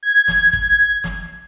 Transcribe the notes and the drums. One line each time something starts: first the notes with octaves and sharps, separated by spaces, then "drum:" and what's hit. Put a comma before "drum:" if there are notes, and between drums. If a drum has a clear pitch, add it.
G#6
drum: snare
drum: kick
drum: snare